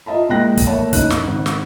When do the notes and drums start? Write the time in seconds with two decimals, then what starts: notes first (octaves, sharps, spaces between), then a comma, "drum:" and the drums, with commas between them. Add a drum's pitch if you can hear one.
0.06 F4 D#5 E5 A5 A#5
0.29 A#2 G#3 G5 F#6 A#6
0.57 drum: kick, hi-hat
0.67 A3 A#3 C#5 E5 A5
0.93 F#1 D#4 F#6, drum: kick, hi-hat
1.10 drum: snare
1.24 G#1
1.46 drum: snare